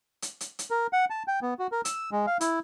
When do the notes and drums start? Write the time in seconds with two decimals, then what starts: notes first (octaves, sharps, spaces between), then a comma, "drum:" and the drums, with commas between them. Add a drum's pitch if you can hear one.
0.22 drum: hi-hat
0.41 drum: hi-hat
0.59 drum: hi-hat
0.70 A#4
0.93 F#5
1.10 A5
1.28 G5
1.42 B3
1.59 F#4
1.72 A#4
1.85 E6, drum: hi-hat
2.12 G#3
2.27 F5
2.41 E4, drum: hi-hat